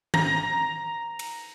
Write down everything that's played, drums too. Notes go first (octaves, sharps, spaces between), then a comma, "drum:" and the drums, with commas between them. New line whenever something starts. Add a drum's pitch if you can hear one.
A#5, drum: tom D#3
drum: cymbal